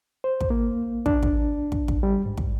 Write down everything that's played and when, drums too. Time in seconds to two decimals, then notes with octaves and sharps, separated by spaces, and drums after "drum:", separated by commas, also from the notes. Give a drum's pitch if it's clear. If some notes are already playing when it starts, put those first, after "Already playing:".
0.24 C5
0.41 drum: kick
0.50 A#3
1.06 D4, drum: kick
1.23 drum: kick
1.72 drum: kick
1.88 drum: kick
2.03 G3
2.26 G#2
2.38 drum: kick